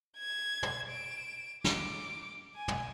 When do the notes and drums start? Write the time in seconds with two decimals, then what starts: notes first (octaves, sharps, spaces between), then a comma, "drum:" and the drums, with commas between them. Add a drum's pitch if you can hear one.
0.18 G#6 E7
0.63 drum: tom
0.90 D7 E7
1.64 D6, drum: snare
2.55 G#5
2.68 drum: tom